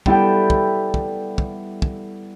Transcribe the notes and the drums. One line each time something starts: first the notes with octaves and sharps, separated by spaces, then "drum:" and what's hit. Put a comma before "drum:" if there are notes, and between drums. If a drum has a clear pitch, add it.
G3 B3 E4 G4 A4 G5, drum: kick
drum: kick
drum: kick
drum: kick
drum: kick